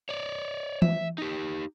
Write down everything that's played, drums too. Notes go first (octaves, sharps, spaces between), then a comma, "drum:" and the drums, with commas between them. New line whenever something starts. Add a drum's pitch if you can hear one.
C#5 D5
E5, drum: tom E3
D#4 G4